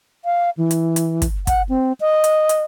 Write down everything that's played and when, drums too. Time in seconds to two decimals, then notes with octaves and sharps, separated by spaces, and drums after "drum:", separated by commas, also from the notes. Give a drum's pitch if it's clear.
0.25 F5
0.57 E3
0.71 drum: hi-hat
0.96 drum: hi-hat
1.22 drum: kick, hi-hat
1.47 F#5, drum: kick, hi-hat
1.69 C4
2.01 D#5
2.24 drum: hi-hat
2.49 drum: hi-hat